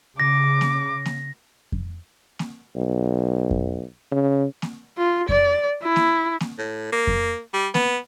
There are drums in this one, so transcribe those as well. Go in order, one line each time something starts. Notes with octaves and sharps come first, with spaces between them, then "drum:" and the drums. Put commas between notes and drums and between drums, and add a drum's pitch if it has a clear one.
C#3 D6 A#6
drum: snare A#3
drum: snare A#3
drum: kick F2
drum: snare A#3
B1
drum: kick F2
C#3
drum: snare A#3
F4
D5, drum: kick F2
E4
drum: snare A#3
drum: snare A#3
A2
A#3
drum: kick F2
G3
B3, drum: snare A#3